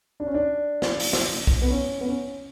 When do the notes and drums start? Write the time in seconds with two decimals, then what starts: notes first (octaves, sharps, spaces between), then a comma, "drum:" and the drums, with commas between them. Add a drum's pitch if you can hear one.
0.20 D4
0.27 C#4
0.34 D4
0.82 drum: snare
1.00 drum: open hi-hat
1.13 drum: snare
1.47 drum: kick C2
1.62 B3
1.70 C#4
2.01 B3
2.08 C#4